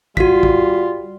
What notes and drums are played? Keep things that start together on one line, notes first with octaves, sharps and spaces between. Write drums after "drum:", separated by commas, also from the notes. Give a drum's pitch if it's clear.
G3 F4 F#4 B6, drum: kick
drum: kick